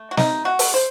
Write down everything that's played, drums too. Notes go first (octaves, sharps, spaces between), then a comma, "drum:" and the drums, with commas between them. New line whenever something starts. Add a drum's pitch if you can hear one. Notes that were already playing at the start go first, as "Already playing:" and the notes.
Already playing: A3
F#4
D#4, drum: snare
F#4
drum: open hi-hat
C5